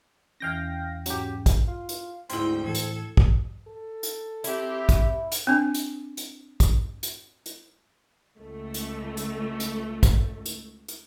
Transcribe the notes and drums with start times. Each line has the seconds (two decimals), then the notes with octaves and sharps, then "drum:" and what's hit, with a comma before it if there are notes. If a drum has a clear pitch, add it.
0.40 E2 E3 C#4 F5 G5 A#6
1.06 G#2 F#3 C#4 G4, drum: hi-hat
1.46 drum: kick, hi-hat
1.67 F4
1.89 drum: hi-hat
2.30 D2 G#2 C4 E4 G5 C6, drum: hi-hat
2.64 A2 E3 A4 G#6
2.75 drum: hi-hat
3.17 drum: kick
3.68 A4
4.03 drum: hi-hat
4.44 C4 E4 G4, drum: hi-hat
4.89 drum: kick, hi-hat
5.32 drum: hi-hat
5.47 C4 D4
5.74 drum: hi-hat
6.17 drum: hi-hat
6.60 drum: kick, hi-hat
7.03 drum: hi-hat
7.46 drum: hi-hat
8.38 C#2 A3
8.74 drum: hi-hat
9.17 drum: hi-hat
9.60 drum: hi-hat
10.03 drum: kick, hi-hat
10.46 drum: hi-hat
10.88 drum: hi-hat